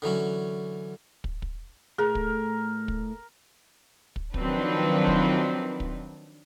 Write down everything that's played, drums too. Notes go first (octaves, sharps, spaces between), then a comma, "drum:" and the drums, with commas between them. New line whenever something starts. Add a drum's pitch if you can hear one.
D3 E3 F#3 C#4
drum: kick
drum: kick
A2 A3 G#4 A#4
drum: kick
drum: kick
drum: kick
D#3 F3 F#3 C4 D4 B4, drum: kick
drum: kick
drum: kick